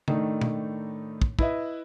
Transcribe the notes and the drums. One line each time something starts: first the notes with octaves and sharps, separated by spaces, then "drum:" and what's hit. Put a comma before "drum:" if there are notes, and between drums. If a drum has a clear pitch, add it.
A2 D#3 A3 D4 D#4, drum: tom C#3
drum: tom B2
drum: kick
E4 B4 D#5 E5, drum: kick